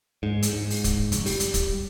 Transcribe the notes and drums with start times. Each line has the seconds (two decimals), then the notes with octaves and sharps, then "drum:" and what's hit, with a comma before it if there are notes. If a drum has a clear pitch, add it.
0.23 G#2
0.42 drum: hi-hat
0.53 G#2
0.70 drum: open hi-hat
0.84 drum: kick, hi-hat
1.12 F1, drum: hi-hat
1.26 G3, drum: open hi-hat
1.40 drum: hi-hat
1.54 drum: kick, hi-hat